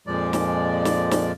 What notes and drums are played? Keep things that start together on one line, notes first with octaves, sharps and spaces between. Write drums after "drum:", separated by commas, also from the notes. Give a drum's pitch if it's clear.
F2 A#2 F3 G#3 D5
drum: snare
drum: snare
drum: snare